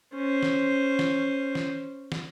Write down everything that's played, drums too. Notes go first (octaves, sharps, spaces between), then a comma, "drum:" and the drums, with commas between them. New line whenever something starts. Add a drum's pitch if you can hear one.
C#4 C5
drum: snare
drum: snare
drum: snare
drum: snare